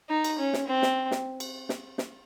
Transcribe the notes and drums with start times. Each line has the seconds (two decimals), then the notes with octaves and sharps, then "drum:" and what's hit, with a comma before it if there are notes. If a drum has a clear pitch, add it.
0.09 D#4
0.24 drum: cymbal
0.39 C#4
0.53 drum: snare
0.67 C4
0.82 drum: snare
1.11 drum: snare
1.40 drum: cymbal
1.69 drum: snare
1.98 drum: snare